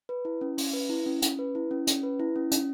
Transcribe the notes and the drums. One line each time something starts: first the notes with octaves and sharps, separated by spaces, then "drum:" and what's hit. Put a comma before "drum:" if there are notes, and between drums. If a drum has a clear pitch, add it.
B4
E4
C#4
C#4, drum: open hi-hat
B4
E4
C#4
C#4, drum: hi-hat
B4
E4
C#4
C#4, drum: hi-hat
B4
E4
C#4
C#4, drum: hi-hat